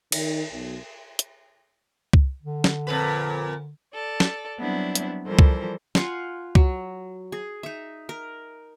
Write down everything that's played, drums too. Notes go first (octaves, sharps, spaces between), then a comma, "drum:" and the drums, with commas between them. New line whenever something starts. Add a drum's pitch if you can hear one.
D#3, drum: cymbal
B1
drum: hi-hat
drum: kick C2
D3
drum: snare
F2 A#2 B4
A4 D5
drum: snare
F#3 G3 B3 C4 D4 E4
drum: hi-hat
E3 F3 G3 A4 A#4 C5
drum: kick C2
F4 F#5 G#5 C6, drum: snare
F#3, drum: kick C2
G#4
D#4 E5
A#4